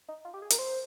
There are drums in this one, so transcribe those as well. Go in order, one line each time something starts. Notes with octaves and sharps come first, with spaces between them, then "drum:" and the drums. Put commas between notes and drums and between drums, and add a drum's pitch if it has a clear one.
D#4
F4
G4
G#4
A#4, drum: hi-hat
C5